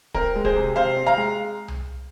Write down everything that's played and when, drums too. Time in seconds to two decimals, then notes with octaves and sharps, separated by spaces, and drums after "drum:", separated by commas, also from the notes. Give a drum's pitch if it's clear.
0.14 C4 A#4, drum: kick
0.36 G#3
0.45 G#4 C5, drum: kick
0.56 C3
0.76 C3 C5 F5
0.96 C4
1.06 F5 A#5
1.17 G#3
1.68 drum: tom C2